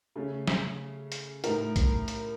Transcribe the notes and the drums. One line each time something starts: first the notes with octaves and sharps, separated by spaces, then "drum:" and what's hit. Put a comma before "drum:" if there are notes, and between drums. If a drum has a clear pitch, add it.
C#3 A3 C#4
drum: snare
drum: hi-hat
A2 A3 D#4 A#4, drum: hi-hat
drum: kick A#1, hi-hat
drum: hi-hat